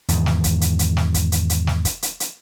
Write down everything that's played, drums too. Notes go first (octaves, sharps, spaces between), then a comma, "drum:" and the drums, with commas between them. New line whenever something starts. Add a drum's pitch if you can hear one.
E2 G#2 D#3, drum: hi-hat
drum: snare
drum: kick, hi-hat
drum: hi-hat
drum: hi-hat
drum: snare
drum: kick, hi-hat
drum: hi-hat
drum: hi-hat
drum: snare
drum: kick, hi-hat
drum: hi-hat
drum: hi-hat